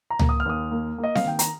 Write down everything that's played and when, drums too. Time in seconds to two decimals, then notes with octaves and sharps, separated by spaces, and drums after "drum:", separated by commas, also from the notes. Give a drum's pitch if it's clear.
0.10 A#5
0.19 A#3, drum: tom C#2
0.29 D#6
0.40 F6
0.46 D#2 D#6
0.71 A#3
0.98 A#3
1.04 D#5
1.15 F5, drum: snare C4
1.24 D#3 G5
1.39 A#5, drum: hi-hat